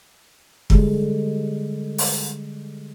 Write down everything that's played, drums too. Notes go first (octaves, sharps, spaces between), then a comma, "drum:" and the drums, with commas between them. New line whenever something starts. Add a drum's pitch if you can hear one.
D3 G3 G#3, drum: kick
drum: open hi-hat